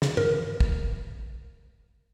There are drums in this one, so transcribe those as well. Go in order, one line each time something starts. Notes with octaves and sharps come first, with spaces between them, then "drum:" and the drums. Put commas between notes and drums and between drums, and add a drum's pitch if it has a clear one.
C#3, drum: snare
A#4, drum: tom G2
drum: kick